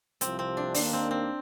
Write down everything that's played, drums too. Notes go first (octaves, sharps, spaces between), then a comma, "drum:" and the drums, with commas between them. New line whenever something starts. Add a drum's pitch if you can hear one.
C2 C3 F3 C4, drum: hi-hat
C4
D4
D#2 D#3 A#3 D4, drum: open hi-hat
C4
C4